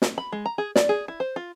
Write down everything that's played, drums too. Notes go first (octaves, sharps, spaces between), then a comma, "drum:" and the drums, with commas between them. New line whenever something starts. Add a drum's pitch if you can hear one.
drum: snare
B5
G#3
A#5
G#4
D5, drum: snare
G#4
E4
C5
F4